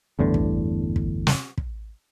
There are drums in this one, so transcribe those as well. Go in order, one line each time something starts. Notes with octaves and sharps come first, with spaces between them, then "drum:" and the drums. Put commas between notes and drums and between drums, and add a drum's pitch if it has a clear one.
G1 E2 A2 D3
drum: kick
drum: kick
drum: snare
drum: kick